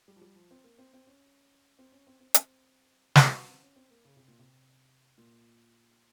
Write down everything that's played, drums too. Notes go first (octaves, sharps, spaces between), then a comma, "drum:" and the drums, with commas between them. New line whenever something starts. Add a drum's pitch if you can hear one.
G3
F3
G3
F3
C4
A#3
C4
C4
C#4
C4
C#4
C4
C4
C4, drum: hi-hat
drum: snare
C4
C#4
C4
A#3
C#3
C3
A#2
C3
A#2